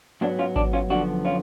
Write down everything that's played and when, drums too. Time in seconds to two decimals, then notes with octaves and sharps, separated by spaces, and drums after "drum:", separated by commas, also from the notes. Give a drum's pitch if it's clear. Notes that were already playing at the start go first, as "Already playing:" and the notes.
0.21 G#2 F#3 B3 D4
0.39 C#4 F4
0.56 D4, drum: kick G#1
0.73 C#4 F4
0.90 F#2 D3 F3 B3 D4 F#4
1.25 C#4 F4